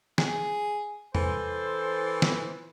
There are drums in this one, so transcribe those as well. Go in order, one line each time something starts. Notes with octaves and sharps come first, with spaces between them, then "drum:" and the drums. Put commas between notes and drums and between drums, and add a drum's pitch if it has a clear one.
G#4, drum: snare
E3 A4 C5, drum: tom E2
drum: snare